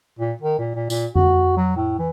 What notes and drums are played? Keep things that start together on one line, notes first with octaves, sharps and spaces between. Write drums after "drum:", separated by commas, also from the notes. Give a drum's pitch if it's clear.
A#2
D#3
A#2
A#2
A#2, drum: tambourine
F#4, drum: tom F2
F#3
A2
E3